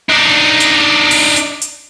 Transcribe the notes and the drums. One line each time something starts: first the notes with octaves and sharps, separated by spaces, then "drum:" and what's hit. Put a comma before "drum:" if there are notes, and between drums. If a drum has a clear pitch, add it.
D4 D#4
drum: hi-hat
drum: open hi-hat
drum: hi-hat
drum: hi-hat